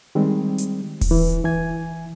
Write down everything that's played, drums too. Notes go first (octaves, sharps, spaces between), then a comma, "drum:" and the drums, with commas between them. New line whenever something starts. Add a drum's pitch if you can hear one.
D#3 G3 G#3 C4
drum: hi-hat
drum: kick D#1, open hi-hat
E3
E3 G#5 G#6